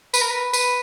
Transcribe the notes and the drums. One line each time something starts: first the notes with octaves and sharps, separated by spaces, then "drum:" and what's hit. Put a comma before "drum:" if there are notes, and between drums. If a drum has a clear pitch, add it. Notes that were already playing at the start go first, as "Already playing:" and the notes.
B4, drum: tambourine
A#4
B4
B4, drum: tambourine